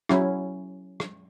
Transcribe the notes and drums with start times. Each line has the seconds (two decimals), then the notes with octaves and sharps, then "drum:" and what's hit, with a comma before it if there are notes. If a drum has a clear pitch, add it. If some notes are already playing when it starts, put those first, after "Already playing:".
0.09 F#3 C#4 E4, drum: rim click
1.00 drum: rim click